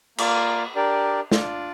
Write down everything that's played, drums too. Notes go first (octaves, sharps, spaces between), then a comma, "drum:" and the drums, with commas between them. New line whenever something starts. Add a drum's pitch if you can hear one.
A#3 F4 D5 F5, drum: cymbal
D4 G4 A#4 D5
D4 F4 D5, drum: snare